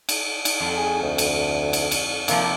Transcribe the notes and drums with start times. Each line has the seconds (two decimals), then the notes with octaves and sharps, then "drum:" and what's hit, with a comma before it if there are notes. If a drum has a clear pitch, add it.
0.09 drum: cymbal
0.45 drum: cymbal
0.60 F2
0.77 G#4
1.02 D2
1.18 drum: cymbal
1.73 drum: cymbal
1.91 drum: cymbal
2.28 C3 F3 A#3, drum: cymbal